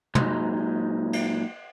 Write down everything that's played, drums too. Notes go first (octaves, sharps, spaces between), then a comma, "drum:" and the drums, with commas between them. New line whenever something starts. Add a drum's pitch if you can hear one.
A#2 F#3 G#3 D#4 C6, drum: tom
drum: cymbal